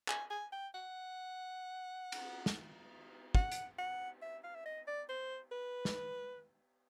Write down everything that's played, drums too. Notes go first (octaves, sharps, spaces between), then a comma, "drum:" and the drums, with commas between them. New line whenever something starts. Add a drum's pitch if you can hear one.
G#5, drum: clap
G#5
G5
F#5
drum: cymbal
drum: snare
F#5, drum: kick
drum: hi-hat
F#5
E5
F5
E5
D#5
D5
C5
B4
drum: snare